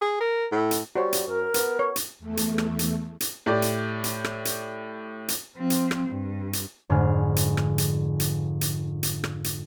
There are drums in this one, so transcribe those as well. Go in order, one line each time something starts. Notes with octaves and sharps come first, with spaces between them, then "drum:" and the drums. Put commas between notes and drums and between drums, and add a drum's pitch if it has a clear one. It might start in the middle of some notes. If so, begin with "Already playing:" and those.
G#4
A#4
A2
drum: hi-hat
G3 F#4 C5 C#5
drum: hi-hat
F#2 A#4
B3, drum: hi-hat
C#5
drum: hi-hat
E2 A3
drum: hi-hat
drum: rim click
drum: hi-hat
drum: hi-hat
A2 G4 D5
drum: hi-hat
drum: hi-hat
drum: rim click
drum: hi-hat
drum: hi-hat
F3 C4
drum: hi-hat
drum: rim click
G2
drum: hi-hat
F1 G#2 D3 G#4 F6
drum: hi-hat
drum: rim click
drum: hi-hat
drum: hi-hat
drum: hi-hat
drum: hi-hat
drum: rim click
drum: hi-hat